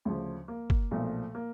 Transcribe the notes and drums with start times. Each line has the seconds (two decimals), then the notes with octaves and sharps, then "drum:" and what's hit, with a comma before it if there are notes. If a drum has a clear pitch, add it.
0.05 D2 C#3 F3
0.48 A#3
0.70 drum: kick
0.91 B1 A#2 F3 A3
1.35 A#3